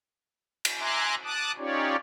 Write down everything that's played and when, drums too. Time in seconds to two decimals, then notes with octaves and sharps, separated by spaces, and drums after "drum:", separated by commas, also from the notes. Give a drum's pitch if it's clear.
0.65 drum: cymbal
0.79 E5 G#5 A#5 C6 D6 F#6
1.24 A5 D6 D#6 F#6
1.58 C#4 D#4 F4 G4 C#5 D5